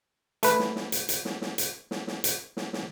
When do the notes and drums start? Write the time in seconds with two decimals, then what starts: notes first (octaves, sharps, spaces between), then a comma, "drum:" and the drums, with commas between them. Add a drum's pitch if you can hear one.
0.43 A3 B4, drum: hi-hat
0.59 drum: snare
0.76 drum: snare
0.92 drum: hi-hat
1.09 drum: hi-hat
1.25 drum: snare
1.42 drum: snare
1.58 drum: hi-hat
1.91 drum: snare
2.07 drum: snare
2.24 drum: hi-hat
2.57 drum: snare
2.73 drum: snare